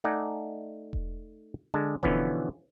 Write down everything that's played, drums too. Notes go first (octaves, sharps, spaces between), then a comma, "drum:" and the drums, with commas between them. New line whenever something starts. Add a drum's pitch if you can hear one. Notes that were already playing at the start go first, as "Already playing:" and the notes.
A3 D#4 D5 F#5 G#5
drum: kick E1
D3 G#3 A5
B2 D3 E3 F3 B3 C#4, drum: kick E1